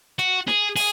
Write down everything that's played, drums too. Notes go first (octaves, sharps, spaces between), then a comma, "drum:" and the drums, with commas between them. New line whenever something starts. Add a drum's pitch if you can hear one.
F#4, drum: hi-hat
G#4, drum: snare
G#4, drum: open hi-hat